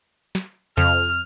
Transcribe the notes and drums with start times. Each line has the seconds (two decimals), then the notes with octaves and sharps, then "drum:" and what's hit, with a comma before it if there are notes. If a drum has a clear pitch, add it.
0.35 drum: snare
0.77 F2 F6, drum: tom C3